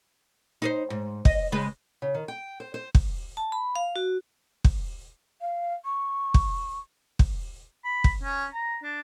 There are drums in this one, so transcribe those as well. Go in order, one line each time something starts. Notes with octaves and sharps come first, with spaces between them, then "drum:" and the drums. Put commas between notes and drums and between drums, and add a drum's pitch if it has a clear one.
D#4 B4 C5
G#2
D#5, drum: kick
C#3 G#3 B4
C#3
D#3
G5
C5
C5
drum: kick
A5
B5
F5
F#4
drum: kick
F5
C#6
drum: kick
drum: kick
B5
drum: kick
C#4
A#5
D4